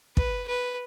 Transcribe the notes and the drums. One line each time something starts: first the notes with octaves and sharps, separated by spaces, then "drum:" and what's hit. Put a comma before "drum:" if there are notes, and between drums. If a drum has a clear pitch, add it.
B4, drum: kick
B4